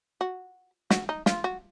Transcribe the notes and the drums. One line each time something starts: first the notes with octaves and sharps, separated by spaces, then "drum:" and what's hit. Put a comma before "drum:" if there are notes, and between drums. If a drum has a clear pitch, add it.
F#4
F#4, drum: snare
D#4
F4, drum: snare
F#4